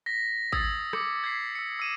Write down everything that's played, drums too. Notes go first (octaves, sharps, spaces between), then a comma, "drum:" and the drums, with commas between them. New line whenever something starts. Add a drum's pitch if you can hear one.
A#6 B6
D#6 E6 G#6 A6, drum: kick G#1
D6 C#7, drum: rim click
G#6 B6 C7
E6 C#7
E6 D#7 E7